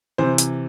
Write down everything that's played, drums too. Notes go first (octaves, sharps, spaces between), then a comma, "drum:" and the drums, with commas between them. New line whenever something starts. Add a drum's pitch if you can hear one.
C3 E3 C5
drum: hi-hat